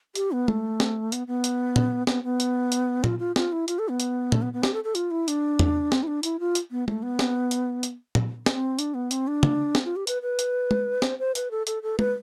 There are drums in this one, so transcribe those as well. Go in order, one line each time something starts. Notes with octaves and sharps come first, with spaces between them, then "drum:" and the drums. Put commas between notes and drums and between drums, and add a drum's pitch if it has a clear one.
G4, drum: hi-hat
B3
A3, drum: tom G#3
drum: snare
B3, drum: hi-hat
B3
drum: hi-hat
drum: tom A#2
B3, drum: snare
B3
drum: hi-hat
drum: hi-hat
F4, drum: tom A#2
F4
F4, drum: snare
E4
F4, drum: hi-hat
A4
B3
drum: hi-hat
A3, drum: tom A#2
B3
B3
G4, drum: snare
A4
A4
F4, drum: hi-hat
E4
D4, drum: hi-hat
drum: tom E2
C4, drum: snare
E4
D4
E4, drum: hi-hat
F4
drum: hi-hat
B3
A3, drum: tom G#3
B3
drum: snare
drum: hi-hat
drum: hi-hat
drum: tom A#2
C4, drum: snare
D4, drum: hi-hat
B3
C4, drum: hi-hat
D4
drum: tom
drum: snare
F4
G4
B4, drum: hi-hat
B4
drum: hi-hat
drum: tom G#3
C5, drum: snare
C5
B4, drum: hi-hat
A4
A4, drum: hi-hat
A4
B4, drum: tom G#3